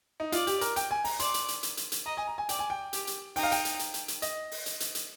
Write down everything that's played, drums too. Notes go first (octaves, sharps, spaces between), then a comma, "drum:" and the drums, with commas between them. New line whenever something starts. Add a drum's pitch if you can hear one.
D#4
F4 D5, drum: hi-hat
G4, drum: hi-hat
A#4, drum: hi-hat
G5, drum: hi-hat
G#5
A#5, drum: open hi-hat
D5 C6, drum: hi-hat
drum: hi-hat
drum: hi-hat
drum: hi-hat
drum: hi-hat
drum: hi-hat
D#5 A#5
G#5
A#5
G#5
D5 G5, drum: hi-hat
G#5
G5
G4, drum: hi-hat
drum: hi-hat
D#4 G5, drum: open hi-hat
F5
G5, drum: hi-hat
drum: hi-hat
drum: hi-hat
drum: hi-hat
drum: hi-hat
D#5, drum: hi-hat
drum: open hi-hat
drum: hi-hat
drum: hi-hat
drum: hi-hat